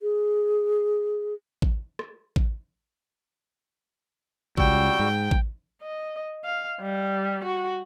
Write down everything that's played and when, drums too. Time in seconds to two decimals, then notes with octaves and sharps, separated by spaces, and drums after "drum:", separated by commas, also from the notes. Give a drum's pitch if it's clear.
0.02 G#4
1.62 drum: kick A1
1.99 drum: rim click
2.36 drum: kick A1
4.58 C#2 G3 F#4 G5 E6, drum: kick A1
5.00 G#2
5.31 drum: kick A1
5.82 D#5
6.44 F5
6.81 G3
7.44 F#4